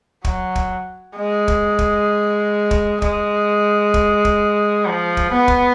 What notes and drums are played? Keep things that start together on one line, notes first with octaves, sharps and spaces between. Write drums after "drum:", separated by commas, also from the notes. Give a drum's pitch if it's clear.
F#3, drum: kick
drum: kick
G#3
drum: kick
drum: kick
drum: kick
G#3, drum: kick
drum: kick
drum: kick
F3
drum: kick
B3
drum: kick